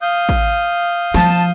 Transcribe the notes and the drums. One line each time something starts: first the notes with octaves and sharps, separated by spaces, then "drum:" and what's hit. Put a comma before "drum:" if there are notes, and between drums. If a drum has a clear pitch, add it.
F5 D#6 G6
drum: kick
F3 A5, drum: snare